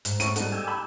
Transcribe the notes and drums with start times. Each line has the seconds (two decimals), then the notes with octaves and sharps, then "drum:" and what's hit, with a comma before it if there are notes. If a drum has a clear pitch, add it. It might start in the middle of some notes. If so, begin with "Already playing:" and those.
0.05 G#2, drum: hi-hat
0.20 A2 C#4 C#6 D#7, drum: hi-hat
0.36 G3 D#4 A4 F#5, drum: hi-hat
0.52 G5 G#5 E6
0.64 B5 D6